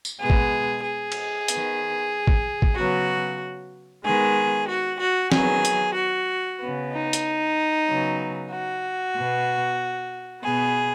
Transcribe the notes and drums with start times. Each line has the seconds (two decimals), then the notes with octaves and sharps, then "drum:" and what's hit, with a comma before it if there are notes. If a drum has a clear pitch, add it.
0.05 drum: tambourine
0.19 B2 G#3 B3 G#4
0.30 drum: kick A1
0.83 G#4
1.12 drum: cymbal
1.48 D#3 B3, drum: hi-hat
2.27 drum: kick A1
2.62 drum: kick A1
2.76 C#3 F#3 B3 F#4
4.04 D#3 G#3 B3 G#4
4.68 F#4
5.00 F#4
5.32 D#3 F#3 B3 G#4, drum: snare
5.65 drum: hi-hat
5.95 F#4
6.60 C#3 B3
6.92 D#4
7.13 drum: hi-hat
7.87 C#3 F#3 B3
8.52 F#4
9.16 B2 B3
10.43 B2 B3 G#4